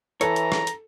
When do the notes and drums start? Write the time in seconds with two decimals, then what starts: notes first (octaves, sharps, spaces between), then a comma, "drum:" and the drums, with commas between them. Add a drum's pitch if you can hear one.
0.21 E3 A4 B4 C#5 A#5, drum: hi-hat
0.36 drum: hi-hat
0.52 drum: rim click
0.67 drum: hi-hat